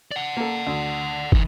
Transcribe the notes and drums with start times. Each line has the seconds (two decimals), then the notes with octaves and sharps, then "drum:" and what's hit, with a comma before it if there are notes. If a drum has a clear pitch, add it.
0.11 D5 F#5
0.37 A#3 A4
0.67 D2
1.32 E3 D#4, drum: kick